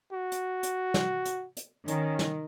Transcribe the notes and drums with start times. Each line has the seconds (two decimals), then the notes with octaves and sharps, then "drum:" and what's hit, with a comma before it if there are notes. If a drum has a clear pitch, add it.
0.12 F#4
0.32 drum: hi-hat
0.63 drum: hi-hat
0.94 drum: snare
1.25 drum: hi-hat
1.57 drum: hi-hat
1.88 D#3 C#4, drum: hi-hat
2.19 drum: snare